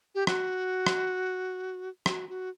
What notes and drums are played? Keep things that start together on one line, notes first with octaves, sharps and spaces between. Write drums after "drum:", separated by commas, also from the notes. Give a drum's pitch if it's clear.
G4
F#4, drum: rim click
drum: rim click
F#4, drum: rim click
F#4